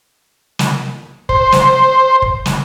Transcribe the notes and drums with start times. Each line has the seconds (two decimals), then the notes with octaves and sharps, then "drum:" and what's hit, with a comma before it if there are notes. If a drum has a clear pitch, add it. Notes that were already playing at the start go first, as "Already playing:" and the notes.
0.59 drum: snare
1.29 C5, drum: kick
1.52 drum: snare
2.22 drum: kick
2.46 drum: snare